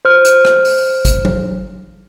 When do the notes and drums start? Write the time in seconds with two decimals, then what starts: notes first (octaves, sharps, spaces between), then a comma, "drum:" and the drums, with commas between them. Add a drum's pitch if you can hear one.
0.05 C5 F6
0.25 drum: hi-hat
0.45 drum: rim click
0.65 drum: open hi-hat
1.05 drum: kick, hi-hat
1.25 drum: tom